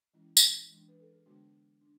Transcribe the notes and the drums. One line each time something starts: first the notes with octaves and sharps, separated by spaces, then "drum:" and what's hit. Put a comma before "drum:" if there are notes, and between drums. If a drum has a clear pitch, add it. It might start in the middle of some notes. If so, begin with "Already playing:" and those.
E3 G#3 C#4 E4
drum: tambourine
E3 G#3 D4
B4
A4
G#4
D3 G#3 B3 D4 F#4
D4